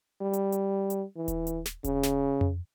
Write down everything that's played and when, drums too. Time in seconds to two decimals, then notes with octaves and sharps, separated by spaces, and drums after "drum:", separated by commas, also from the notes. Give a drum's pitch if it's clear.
0.21 G3
0.33 drum: hi-hat
0.52 drum: hi-hat
0.90 drum: hi-hat
1.16 E3
1.28 drum: kick D#1, hi-hat
1.47 drum: hi-hat
1.66 drum: snare
1.84 C#3, drum: kick D#1, hi-hat
2.03 drum: snare
2.41 drum: tom F2